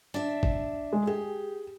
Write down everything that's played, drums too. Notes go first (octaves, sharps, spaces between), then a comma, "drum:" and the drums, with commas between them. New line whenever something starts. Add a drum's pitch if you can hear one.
D4 E5
drum: kick
G#3
G4 G#4